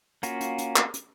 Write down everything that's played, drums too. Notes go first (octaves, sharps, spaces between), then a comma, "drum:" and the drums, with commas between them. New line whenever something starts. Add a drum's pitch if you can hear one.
A#3 C#4 F4 F#4, drum: hi-hat
drum: hi-hat
drum: hi-hat
drum: clap
drum: hi-hat